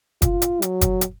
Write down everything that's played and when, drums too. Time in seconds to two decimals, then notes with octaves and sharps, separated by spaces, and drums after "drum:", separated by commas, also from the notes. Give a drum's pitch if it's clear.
0.22 F4, drum: kick F#1, hi-hat
0.42 drum: hi-hat
0.62 F#3, drum: hi-hat
0.81 drum: kick F#1, hi-hat
1.01 drum: hi-hat